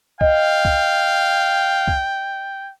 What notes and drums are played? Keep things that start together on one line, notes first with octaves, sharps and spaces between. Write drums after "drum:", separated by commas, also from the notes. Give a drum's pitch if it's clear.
D#5 F5 G5, drum: kick
drum: kick
drum: kick